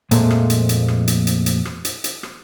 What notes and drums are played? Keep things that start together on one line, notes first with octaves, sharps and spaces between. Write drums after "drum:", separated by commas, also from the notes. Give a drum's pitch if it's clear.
F2 A#2 F3 G#3 A3, drum: hi-hat
drum: rim click
drum: hi-hat
drum: hi-hat
drum: rim click
drum: hi-hat
drum: hi-hat
drum: hi-hat
drum: rim click
drum: hi-hat
drum: hi-hat
drum: rim click